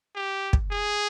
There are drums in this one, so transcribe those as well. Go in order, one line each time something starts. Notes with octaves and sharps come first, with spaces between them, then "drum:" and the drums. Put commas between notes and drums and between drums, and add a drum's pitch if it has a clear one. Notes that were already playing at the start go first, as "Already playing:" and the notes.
G4
drum: kick
G#4